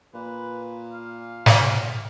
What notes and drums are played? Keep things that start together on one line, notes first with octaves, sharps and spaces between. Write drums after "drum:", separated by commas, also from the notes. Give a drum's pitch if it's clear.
A#2 B4
F5
drum: snare